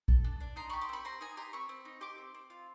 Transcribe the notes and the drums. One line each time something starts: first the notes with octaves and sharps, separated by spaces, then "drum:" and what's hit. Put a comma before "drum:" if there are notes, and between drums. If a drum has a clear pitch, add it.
A4, drum: kick A#1
D4
D4
D#4 A#5 C6
G4 B5 C#6
C6 D6
C4 B5 C#6
C4 A#5 C6
D#4 G#5 A#5
G4 A#5 C6
C4 B5 C#6
C4
D#4
G4 C6 D6
C4
C4
F4